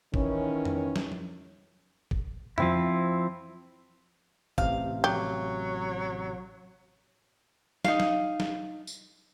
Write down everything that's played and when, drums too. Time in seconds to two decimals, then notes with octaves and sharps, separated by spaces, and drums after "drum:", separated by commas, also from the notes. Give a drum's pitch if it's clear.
0.14 D#3 E3 C#4, drum: kick
0.65 drum: tom F2
0.96 drum: snare
1.12 drum: tom F3
2.11 drum: kick
2.58 F3 C4 E4, drum: tom F2
4.58 A1 C3 F5, drum: kick
5.04 F#3 G4, drum: tom F3
7.85 D#4 F5, drum: snare
8.00 drum: snare
8.40 drum: snare
8.87 drum: tambourine